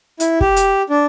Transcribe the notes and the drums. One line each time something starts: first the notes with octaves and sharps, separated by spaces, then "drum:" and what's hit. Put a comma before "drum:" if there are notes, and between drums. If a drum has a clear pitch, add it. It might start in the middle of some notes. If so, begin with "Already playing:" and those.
E4, drum: hi-hat
G4, drum: kick
drum: hi-hat
D4